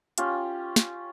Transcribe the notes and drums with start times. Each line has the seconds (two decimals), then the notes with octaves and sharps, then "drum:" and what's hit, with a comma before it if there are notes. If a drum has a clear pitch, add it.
0.18 C#4 F4 G4, drum: hi-hat
0.76 drum: snare